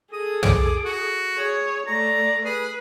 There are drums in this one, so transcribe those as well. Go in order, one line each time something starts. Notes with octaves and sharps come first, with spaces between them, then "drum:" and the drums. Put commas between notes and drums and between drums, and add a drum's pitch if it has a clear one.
G#4 A4 D#6
D6, drum: tom
F#4
G#4 C#5
A3 D5 A#5
G#4 B4